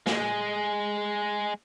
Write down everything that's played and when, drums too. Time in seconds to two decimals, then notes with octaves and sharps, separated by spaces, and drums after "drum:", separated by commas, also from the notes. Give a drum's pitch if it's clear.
0.06 G#3 G#4, drum: snare